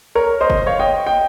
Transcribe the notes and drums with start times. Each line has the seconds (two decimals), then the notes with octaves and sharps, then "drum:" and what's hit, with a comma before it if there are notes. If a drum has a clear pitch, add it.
0.15 A#4 C#5
0.41 C5 D#5
0.50 drum: kick
0.66 C#5 F5
0.80 D#5 G5
1.06 D#5 G5